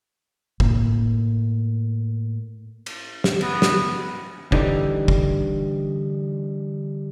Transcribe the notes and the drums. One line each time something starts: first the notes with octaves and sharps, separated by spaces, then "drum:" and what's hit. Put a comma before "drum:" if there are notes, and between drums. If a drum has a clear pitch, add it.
A2 A#3, drum: kick
drum: cymbal
drum: snare
B3, drum: cymbal
drum: snare
D3 E3 G3 D#4, drum: kick
drum: kick